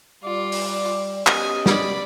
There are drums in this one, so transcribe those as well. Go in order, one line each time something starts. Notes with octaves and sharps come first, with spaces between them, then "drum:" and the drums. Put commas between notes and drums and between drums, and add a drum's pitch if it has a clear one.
G3 F4 D5 D6
drum: open hi-hat
B3 C#4 G4 D#5 G#5, drum: clap
D5 B5, drum: snare